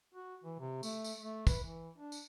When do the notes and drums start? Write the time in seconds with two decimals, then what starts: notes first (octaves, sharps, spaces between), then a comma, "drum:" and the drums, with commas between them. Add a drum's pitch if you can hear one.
0.15 F#4
0.44 E3
0.60 C3
0.83 A3, drum: tambourine
1.04 drum: tambourine
1.20 A3
1.47 B4, drum: kick, tambourine
1.63 E3
1.98 D4
2.12 drum: tambourine